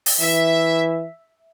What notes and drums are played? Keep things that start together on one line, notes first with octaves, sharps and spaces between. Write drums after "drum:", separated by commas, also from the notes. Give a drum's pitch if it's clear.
drum: open hi-hat
E3 E5